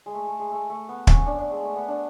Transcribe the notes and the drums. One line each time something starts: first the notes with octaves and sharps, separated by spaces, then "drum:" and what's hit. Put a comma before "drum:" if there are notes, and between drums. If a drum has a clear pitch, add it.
G#3
A3
A3
G#3
A3
A3
B3
C#4, drum: kick
D4
D4
G#3
A3
B3
D4